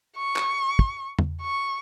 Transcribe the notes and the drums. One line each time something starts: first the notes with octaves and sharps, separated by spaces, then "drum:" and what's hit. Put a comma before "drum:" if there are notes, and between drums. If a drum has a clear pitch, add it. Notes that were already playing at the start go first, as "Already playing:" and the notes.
C#6
drum: clap
drum: kick
drum: tom E2
C#6